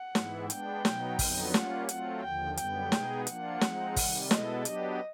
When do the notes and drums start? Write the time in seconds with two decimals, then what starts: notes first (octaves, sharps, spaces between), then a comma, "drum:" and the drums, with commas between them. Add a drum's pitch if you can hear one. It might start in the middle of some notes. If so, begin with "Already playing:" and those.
Already playing: F#5
0.15 G#2 E3 G#3 B3 E4, drum: snare
0.50 G#3 B3 D4 G5, drum: hi-hat
0.85 B2 F#3 B3 D#4, drum: snare
1.19 F2 D3 F#3 B3 D#4, drum: kick, open hi-hat
1.54 G3 A#3 C#4 F4 F#5, drum: snare
1.89 F#3 A3 C4 F4 F#5, drum: hi-hat
2.23 D#2 D3 F3 G5
2.57 F#2 D3 G3 B3 G5, drum: hi-hat
2.92 B2 G#3 B3 D#4 G#4, drum: snare
3.27 F3 A#3 D4 F4 F#5, drum: hi-hat
3.61 F3 G#3 C4 D#4, drum: snare
3.96 C3 D#3 G3, drum: kick, open hi-hat
4.31 B2 G#3 B3 E4 A4 D#5, drum: snare
4.65 F#3 B3 D4 G4 D#5, drum: hi-hat